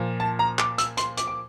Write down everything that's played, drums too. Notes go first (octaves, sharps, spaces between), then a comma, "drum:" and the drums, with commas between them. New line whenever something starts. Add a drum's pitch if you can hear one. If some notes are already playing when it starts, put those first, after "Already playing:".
Already playing: A#2 F3
A5
A#5
D6, drum: clap
E6, drum: hi-hat
C6, drum: hi-hat
D6, drum: hi-hat
D6